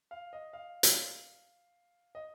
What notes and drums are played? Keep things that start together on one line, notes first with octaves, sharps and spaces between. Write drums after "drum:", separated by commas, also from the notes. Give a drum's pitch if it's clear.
F5
D#5
F5
drum: hi-hat
D#5